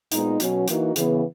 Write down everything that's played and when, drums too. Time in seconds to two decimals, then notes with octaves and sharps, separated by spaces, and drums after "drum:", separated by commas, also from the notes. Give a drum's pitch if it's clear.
0.12 A#2 G#3 B3 D#4, drum: hi-hat
0.40 B2 F#3 C#4, drum: hi-hat
0.68 E3 A#3 D#4 F#4, drum: hi-hat
0.96 C#3 E3 B3, drum: hi-hat